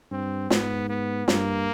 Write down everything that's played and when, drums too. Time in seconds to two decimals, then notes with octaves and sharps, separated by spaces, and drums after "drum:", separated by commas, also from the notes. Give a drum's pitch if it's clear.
0.11 G2 C4
0.50 G#2 B3, drum: snare
0.89 B3
1.28 G2 A#3, drum: snare